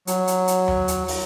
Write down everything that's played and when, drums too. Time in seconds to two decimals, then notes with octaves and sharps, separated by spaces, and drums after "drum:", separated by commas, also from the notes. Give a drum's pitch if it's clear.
0.07 F#3, drum: hi-hat
0.27 drum: hi-hat
0.48 drum: hi-hat
0.68 drum: tom D#2
0.88 drum: hi-hat
1.08 drum: open hi-hat